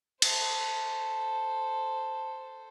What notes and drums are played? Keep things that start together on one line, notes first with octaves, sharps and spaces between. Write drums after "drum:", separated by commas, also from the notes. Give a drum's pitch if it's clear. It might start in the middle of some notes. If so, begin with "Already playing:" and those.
A4 C5, drum: cymbal